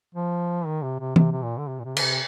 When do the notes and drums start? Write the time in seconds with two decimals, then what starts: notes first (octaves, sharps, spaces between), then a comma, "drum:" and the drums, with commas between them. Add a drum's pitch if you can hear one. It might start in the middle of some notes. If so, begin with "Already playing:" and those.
0.15 F3
0.66 D#3
0.83 C3
1.00 C3
1.16 C3, drum: tom
1.32 C3
1.42 A#2
1.58 D3
1.68 C3
1.80 A#2
1.85 C3
1.97 D3, drum: cymbal
2.01 C3